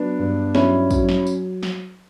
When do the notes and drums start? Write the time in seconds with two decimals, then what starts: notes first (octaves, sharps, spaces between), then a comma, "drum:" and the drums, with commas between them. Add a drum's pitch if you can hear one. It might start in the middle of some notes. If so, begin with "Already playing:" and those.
Already playing: F#3 B3 D4
0.19 G2
0.55 F#3 C#4 E4, drum: snare
0.91 F#3, drum: kick, tambourine
1.09 drum: snare
1.27 drum: tambourine
1.63 drum: snare